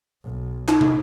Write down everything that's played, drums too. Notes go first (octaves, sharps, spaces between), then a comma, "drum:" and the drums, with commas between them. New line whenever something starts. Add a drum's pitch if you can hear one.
B1
D#4, drum: clap
drum: tom